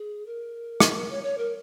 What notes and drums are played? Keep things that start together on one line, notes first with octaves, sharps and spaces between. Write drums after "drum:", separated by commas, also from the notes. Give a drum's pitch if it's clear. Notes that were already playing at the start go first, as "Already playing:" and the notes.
Already playing: G#4
A#4
drum: rim click
C#5
C#5
A#4